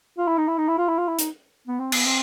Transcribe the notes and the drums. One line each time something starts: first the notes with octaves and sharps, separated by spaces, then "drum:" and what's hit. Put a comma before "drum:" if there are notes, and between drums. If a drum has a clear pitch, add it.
F4
E4
D#4
E4
D#4
E4
F4
E4
F4
E4
D#4, drum: hi-hat
B3
C4
B3, drum: cymbal
C4